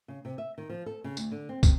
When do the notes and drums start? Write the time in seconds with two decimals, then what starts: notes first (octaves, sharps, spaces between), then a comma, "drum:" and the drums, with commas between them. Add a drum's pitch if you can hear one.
0.08 C#3
0.25 C3
0.38 E5
0.58 D#3
0.69 F3
0.86 A4
1.04 C#3
1.17 D2, drum: tambourine
1.32 D3
1.49 C4
1.63 C3, drum: kick, tambourine